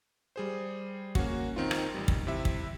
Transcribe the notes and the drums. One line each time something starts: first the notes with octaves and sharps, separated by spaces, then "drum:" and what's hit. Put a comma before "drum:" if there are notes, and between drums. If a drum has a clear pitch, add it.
G3 G#4 C5
A#3 C#4 F#4, drum: kick
D#3 C4 D#4 F4
drum: rim click
A1 G3
drum: kick
C3 E4 E5
drum: kick